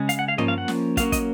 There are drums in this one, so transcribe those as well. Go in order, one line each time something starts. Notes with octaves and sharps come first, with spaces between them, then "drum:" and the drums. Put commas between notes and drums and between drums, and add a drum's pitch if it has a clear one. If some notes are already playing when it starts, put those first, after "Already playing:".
Already playing: C#3 G#3 C#4
F5, drum: hi-hat
F#5
F5
F3 A#3 C#4 D#5, drum: tom
F5
F#5
drum: snare
F#3 A#3 C#4 F5, drum: kick, hi-hat
D#5, drum: kick, hi-hat